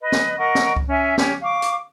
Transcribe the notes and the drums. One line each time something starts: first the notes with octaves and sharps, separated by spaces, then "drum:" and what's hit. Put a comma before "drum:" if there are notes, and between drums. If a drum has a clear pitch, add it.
B4 D#5
drum: snare
A#4 D#5 F#5 C#6
drum: snare
drum: kick C#2
C#4 E5 G#5
C#4 G4 C#5, drum: snare
F5 C#6 D6
drum: hi-hat